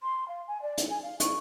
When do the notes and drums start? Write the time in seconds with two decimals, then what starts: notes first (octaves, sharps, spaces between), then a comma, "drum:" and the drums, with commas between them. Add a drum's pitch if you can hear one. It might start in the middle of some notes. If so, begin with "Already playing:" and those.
0.02 C6
0.28 F5
0.47 G#5
0.62 D5
0.78 drum: hi-hat
0.90 G#5
1.02 F5
1.20 C#6, drum: hi-hat